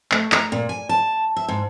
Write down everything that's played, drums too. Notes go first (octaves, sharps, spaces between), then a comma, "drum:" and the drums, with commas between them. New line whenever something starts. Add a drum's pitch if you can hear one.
A3, drum: clap
A#5, drum: clap
A#2
G#5
A5
E5
G#2